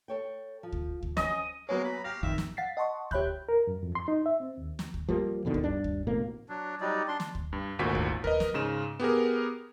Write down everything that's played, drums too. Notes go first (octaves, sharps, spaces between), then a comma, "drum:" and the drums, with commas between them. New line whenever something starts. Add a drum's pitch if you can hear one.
A4 C#5 G5
F3
drum: kick D2
drum: kick D2
C#4 D#5 G#5, drum: snare
F#3 G#3 A#3 B3 C#5 G#5
A#5 B5
G4 F5 A#6
A1 F2 D#3 E5
drum: snare
F5 F#5 A6 B6 C7
D#5 F#5 A5 C6 C#6
G4 C#5 E5 B5 F#6 G6, drum: kick D2
A#4
F#2
F2
C6
D#4
E5
C4
D#2
drum: snare
drum: kick D2
F3 G3 A#3
F2 B2 D3 D#3
drum: kick D2
G2 D4
drum: kick D2
A1 D2 B2 A#3
F#3 D4
F#3 G3 D#4 D5
D4 C6
drum: snare
drum: kick D2
G2
G#1 D2 A#2 F#4 B6
drum: kick D2
A#4 B4 D#5, drum: kick D2
drum: snare
G#2 C#3 E7
B3 G4 G#4 A#4